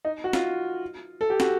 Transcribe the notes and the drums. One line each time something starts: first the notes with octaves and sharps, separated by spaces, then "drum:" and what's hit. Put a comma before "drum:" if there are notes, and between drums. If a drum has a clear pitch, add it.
D#4
F#4
F4, drum: snare
A4
G4
F#4, drum: snare